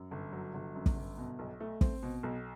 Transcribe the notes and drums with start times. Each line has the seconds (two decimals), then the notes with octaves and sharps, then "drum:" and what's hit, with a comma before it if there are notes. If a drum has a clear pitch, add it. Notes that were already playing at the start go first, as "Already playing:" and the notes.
Already playing: F#2
0.11 G1
0.32 F#3
0.54 G1
0.76 F#2
0.86 drum: kick
0.96 G1
1.18 B2
1.39 B1
1.60 A3
1.81 C4, drum: kick
2.03 B2
2.23 B1